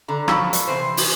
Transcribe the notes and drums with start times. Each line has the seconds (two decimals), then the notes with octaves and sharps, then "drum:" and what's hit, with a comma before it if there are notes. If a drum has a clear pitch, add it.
0.08 D3 A#5
0.28 F3 F#3 B5 C#6 E6, drum: rim click
0.53 drum: hi-hat
0.68 C3 E3 C5
0.97 drum: open hi-hat